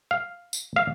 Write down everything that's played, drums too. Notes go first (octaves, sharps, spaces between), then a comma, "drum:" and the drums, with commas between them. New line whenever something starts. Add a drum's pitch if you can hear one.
F5
drum: tambourine
F5